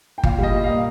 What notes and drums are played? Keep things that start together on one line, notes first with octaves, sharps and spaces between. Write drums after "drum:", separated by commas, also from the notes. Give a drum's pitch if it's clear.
G5
A#2 F5, drum: kick G1
G3 D#5
A#2
F5
A#3